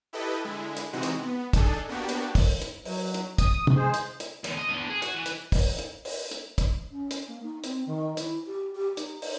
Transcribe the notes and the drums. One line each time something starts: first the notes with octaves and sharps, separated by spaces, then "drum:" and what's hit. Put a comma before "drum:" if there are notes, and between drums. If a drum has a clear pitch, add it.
E4 G4 A4 B4 D#5
D3 G#3 E4
drum: hi-hat
C3 E3 G#3 C4 D#4 F#4
drum: hi-hat
B3
D4 D#4 G#4 A4, drum: kick, hi-hat
A#3 B3 D4 F#4 G4
drum: hi-hat
drum: kick, open hi-hat
drum: hi-hat
F#3, drum: open hi-hat
drum: hi-hat
D#6, drum: kick, hi-hat
drum: tom
G#3 G#4 C5
drum: hi-hat
drum: hi-hat
E2 D3, drum: hi-hat
D#5
E2 D3
G#4
F#4, drum: hi-hat
E3
drum: hi-hat
drum: kick, open hi-hat
drum: hi-hat
drum: open hi-hat
drum: hi-hat
drum: kick, hi-hat
C#4
drum: hi-hat
A#3
D#4
C4, drum: hi-hat
D#3
E4, drum: hi-hat
G4
G4
D#4, drum: hi-hat
drum: open hi-hat